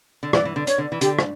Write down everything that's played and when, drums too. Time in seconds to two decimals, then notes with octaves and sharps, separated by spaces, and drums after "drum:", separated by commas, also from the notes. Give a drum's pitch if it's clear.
0.23 D3
0.33 E3 D5, drum: rim click
0.45 E3
0.56 D3
0.67 C#5, drum: hi-hat
0.78 D3
0.92 E3
1.01 D3 G4, drum: hi-hat
1.19 drum: rim click